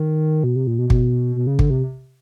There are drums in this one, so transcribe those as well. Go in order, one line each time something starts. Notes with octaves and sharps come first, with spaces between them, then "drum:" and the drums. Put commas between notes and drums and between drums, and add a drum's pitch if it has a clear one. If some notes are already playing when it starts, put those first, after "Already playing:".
Already playing: D#3
B2
C3
A#2
B2
B2, drum: kick
B2
C#3
D3, drum: kick
C3